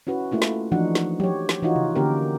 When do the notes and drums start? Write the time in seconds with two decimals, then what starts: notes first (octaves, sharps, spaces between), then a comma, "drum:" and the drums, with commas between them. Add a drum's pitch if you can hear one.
0.07 C#4 E4 F#4 B4
0.32 A3 A#3 E4 F4
0.42 drum: snare
0.72 E3 F3 D4 D#4 F#4 F#5
0.95 drum: snare
1.20 G4 C#5, drum: tom F3
1.49 drum: snare
1.62 E3 D#4 F4 F#4 C#5
1.76 drum: tom C3
1.95 D3 A#3 C#4 G4 A#4